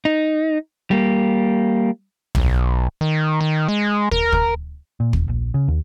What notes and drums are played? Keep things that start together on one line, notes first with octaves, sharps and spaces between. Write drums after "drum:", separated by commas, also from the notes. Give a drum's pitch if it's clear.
D#4
G3 A#3
B1, drum: tom
D#3
D#3
G#3
A#4, drum: kick
drum: kick
A#2
E1, drum: kick
A#1
C#3
D#2